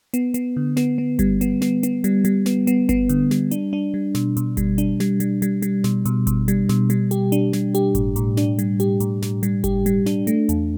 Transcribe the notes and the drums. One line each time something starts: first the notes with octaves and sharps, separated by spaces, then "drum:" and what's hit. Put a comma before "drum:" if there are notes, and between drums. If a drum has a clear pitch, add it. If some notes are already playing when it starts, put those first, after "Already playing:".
B3, drum: hi-hat
B3, drum: hi-hat
D3
B3, drum: snare
B3
G3, drum: kick G1, hi-hat
B3, drum: hi-hat
B3, drum: snare
B3, drum: hi-hat
G3, drum: hi-hat
G3, drum: hi-hat
B3, drum: snare
B3, drum: hi-hat
B3, drum: kick G1, hi-hat
D3, drum: hi-hat
G3, drum: snare
D4, drum: hi-hat
D4
G3
B2, drum: snare
B2, drum: hi-hat
G3, drum: kick G1, hi-hat
D4, drum: hi-hat
G3, drum: snare
G3, drum: hi-hat
G3, drum: hi-hat
G3, drum: hi-hat
B2, drum: snare
B2, drum: hi-hat
B2, drum: kick G1, hi-hat
G3, drum: hi-hat
B2, drum: snare
G3, drum: hi-hat
G4, drum: hi-hat
D4, drum: hi-hat
G3, drum: snare
G4, drum: hi-hat
A2, drum: kick G1, hi-hat
A2, drum: hi-hat
D4, drum: snare
G3, drum: hi-hat
G4, drum: hi-hat
A2, drum: hi-hat
A2, drum: snare
G3, drum: hi-hat
G4, drum: kick G1, hi-hat
G3, drum: hi-hat
D4, drum: snare
A3, drum: hi-hat
E2, drum: hi-hat